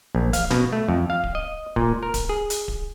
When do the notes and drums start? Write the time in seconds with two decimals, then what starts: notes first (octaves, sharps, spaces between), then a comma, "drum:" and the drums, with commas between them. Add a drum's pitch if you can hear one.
0.15 A#1
0.33 F5, drum: kick D1, hi-hat
0.51 B2, drum: snare
0.73 A3
0.89 F2
1.10 F5
1.24 drum: kick D1
1.35 D#5
1.76 A#2, drum: kick D1
2.03 A#4
2.14 drum: kick D1, hi-hat
2.29 G#4
2.50 drum: hi-hat
2.68 drum: kick D1